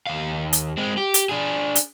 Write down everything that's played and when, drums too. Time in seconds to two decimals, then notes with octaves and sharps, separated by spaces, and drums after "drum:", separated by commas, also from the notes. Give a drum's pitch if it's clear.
0.07 D#2 F5
0.53 drum: hi-hat
0.77 G#3 C4
0.97 G4
1.14 drum: hi-hat
1.29 D4 G#4
1.75 drum: hi-hat